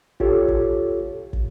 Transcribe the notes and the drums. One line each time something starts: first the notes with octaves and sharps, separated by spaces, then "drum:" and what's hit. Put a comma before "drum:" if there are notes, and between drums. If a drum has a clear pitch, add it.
F4 G4 A4 C#5, drum: kick
drum: kick
drum: kick